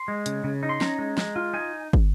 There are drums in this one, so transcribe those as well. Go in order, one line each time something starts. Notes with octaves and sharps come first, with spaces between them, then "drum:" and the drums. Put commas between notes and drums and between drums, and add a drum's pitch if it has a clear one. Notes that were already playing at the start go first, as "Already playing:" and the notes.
Already playing: C6
G#3
C#3, drum: hi-hat
C#3
D#4
C6
C#4 A#5, drum: snare
G#3
G#3, drum: snare
F4
D#4 G#5
drum: kick